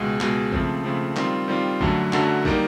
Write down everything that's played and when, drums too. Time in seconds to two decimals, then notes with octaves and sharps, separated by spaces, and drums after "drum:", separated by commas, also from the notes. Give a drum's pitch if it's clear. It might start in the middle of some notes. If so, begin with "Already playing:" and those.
Already playing: C#2 B2 G#3
0.20 C#2 B2 G#3, drum: clap
0.53 C#3 F3 A3 C4, drum: kick
0.84 C#3 F3 A3 C4
1.16 D#3 G3 C4 F4, drum: clap
1.48 D#3 G3 C4 F4
1.81 F#2 D3 F#3 A3, drum: kick
2.13 F#2 D3 F#3 A3, drum: clap
2.45 D#3 G3 A#3 D#4, drum: kick